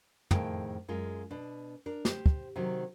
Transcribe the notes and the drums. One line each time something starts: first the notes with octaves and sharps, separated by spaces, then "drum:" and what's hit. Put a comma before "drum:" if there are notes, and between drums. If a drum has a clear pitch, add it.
F2 A2 D#3 G#4 G5 A5, drum: tom
F#2 G#3 F4
B2 D4
D4 A#4
G4 B4 C5, drum: snare
drum: kick
C3 D#3 F#3